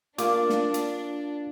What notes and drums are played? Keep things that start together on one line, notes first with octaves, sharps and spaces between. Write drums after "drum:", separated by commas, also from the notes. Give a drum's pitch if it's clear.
A#3 D4 F4 F5 D6, drum: hi-hat
drum: snare
drum: hi-hat